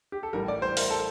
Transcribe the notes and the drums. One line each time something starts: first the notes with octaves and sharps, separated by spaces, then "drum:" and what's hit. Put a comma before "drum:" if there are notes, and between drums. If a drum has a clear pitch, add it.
G4
A4
A1 A2 G3 A#4
D5
C5
A#4, drum: open hi-hat
A4